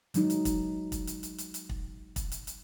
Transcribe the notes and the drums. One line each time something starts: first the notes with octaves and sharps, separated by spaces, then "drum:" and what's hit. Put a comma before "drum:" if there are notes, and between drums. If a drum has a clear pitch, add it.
D#3 F#3 G#3 D#4, drum: hi-hat
drum: hi-hat
drum: kick, hi-hat
drum: kick, hi-hat
drum: hi-hat
drum: hi-hat
drum: hi-hat
drum: hi-hat
drum: kick
drum: kick, hi-hat
drum: hi-hat
drum: hi-hat